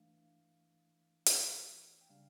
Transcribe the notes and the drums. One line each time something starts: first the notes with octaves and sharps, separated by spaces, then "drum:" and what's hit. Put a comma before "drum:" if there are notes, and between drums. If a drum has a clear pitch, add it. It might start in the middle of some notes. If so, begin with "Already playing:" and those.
Already playing: E3 A3 D4 F5
drum: hi-hat
G5
C#3 G3 D4 F5